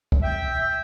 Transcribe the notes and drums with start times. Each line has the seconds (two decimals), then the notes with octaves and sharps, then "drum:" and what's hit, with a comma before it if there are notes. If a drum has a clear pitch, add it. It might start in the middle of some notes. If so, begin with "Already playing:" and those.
0.12 drum: kick
0.23 E5 G5